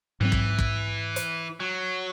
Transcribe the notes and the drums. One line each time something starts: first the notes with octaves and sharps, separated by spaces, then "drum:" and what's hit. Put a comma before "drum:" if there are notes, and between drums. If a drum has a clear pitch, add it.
G#2 E3 F#3 C4
drum: kick
drum: kick
drum: hi-hat
F#3